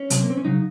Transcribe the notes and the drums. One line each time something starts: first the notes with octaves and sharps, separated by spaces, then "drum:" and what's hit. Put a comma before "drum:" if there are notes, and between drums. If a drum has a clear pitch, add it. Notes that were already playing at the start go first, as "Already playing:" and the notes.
Already playing: C#4
C3 F#3, drum: hi-hat
A#3
C4
C#4
C#3 F#3 D#4